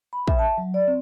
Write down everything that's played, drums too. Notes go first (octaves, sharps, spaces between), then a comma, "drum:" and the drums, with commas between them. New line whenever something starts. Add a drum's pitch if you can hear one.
B5
E5, drum: kick
A5
F#3
D5
C4